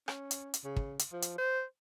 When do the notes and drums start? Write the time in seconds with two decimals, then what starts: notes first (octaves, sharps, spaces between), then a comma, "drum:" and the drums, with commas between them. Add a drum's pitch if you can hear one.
0.08 C#4, drum: rim click
0.31 drum: hi-hat
0.54 drum: hi-hat
0.64 C#3
0.76 drum: kick
0.99 drum: hi-hat
1.13 F3
1.22 drum: hi-hat
1.38 C5